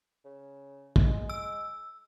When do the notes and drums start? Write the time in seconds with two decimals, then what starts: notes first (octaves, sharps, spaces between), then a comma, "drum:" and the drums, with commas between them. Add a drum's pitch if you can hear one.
0.25 C#3
0.96 drum: kick
1.05 G#3
1.29 E6